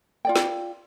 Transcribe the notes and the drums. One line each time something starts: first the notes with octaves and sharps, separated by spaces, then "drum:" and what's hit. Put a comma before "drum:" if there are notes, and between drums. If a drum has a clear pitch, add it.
F4 D5 G5
drum: snare